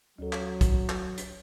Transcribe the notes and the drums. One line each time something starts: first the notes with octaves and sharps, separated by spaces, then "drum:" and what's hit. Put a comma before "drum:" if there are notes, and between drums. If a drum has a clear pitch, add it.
D2 F#3 A4
drum: clap
drum: kick, hi-hat
drum: clap
drum: hi-hat